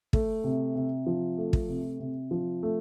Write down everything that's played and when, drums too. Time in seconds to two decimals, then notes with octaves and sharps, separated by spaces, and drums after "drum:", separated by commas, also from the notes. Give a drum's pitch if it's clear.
0.13 A3, drum: kick
0.44 C3
0.75 C3
1.06 F3
1.38 A3
1.53 drum: kick
1.69 C3
2.00 C3
2.31 F3
2.63 A3